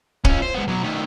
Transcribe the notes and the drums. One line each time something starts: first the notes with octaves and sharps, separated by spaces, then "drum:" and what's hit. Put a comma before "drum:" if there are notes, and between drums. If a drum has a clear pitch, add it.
C#4 F4, drum: kick
C5
G#3 B3
B2 F#3
D#3 A3